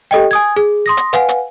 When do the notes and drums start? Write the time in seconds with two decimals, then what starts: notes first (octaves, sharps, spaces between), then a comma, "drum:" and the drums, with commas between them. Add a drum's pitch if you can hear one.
0.11 G4 A4 D#5 G5
0.31 G#5 D#6 G#6
0.56 G#4
0.86 C6 D#6 A#6
0.97 drum: hi-hat
1.13 B4 F5 F#5 G#5, drum: hi-hat
1.29 drum: hi-hat